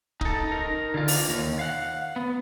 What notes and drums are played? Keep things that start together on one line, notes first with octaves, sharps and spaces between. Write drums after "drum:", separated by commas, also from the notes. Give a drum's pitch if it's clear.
D#4 A4, drum: kick
D#4 A#4
D3 F4
drum: open hi-hat
D#2
F5 F#5
B3